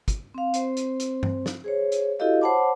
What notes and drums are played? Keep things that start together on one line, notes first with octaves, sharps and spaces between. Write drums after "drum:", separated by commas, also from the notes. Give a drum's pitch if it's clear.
drum: kick, hi-hat
C4 F5
C4 C5, drum: hi-hat
drum: hi-hat
drum: hi-hat
drum: tom G2
drum: snare
G#4 C5 C#5
drum: hi-hat
E4 F#4 G4 A4 D#5 F5
C5 C#5 F#5 A5 B5 D6